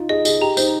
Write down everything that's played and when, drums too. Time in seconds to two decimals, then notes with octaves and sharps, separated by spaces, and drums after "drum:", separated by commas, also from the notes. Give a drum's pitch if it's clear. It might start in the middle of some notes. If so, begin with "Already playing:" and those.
Already playing: D#4 F4
0.09 G#4 D#5
0.25 G#4 D#5, drum: tambourine
0.41 G4 A#5
0.57 D#4 C5, drum: tambourine